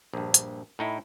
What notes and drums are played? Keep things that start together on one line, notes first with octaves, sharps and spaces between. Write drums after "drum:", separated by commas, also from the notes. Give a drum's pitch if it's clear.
A#1 G2
drum: hi-hat
A2 D#4 E4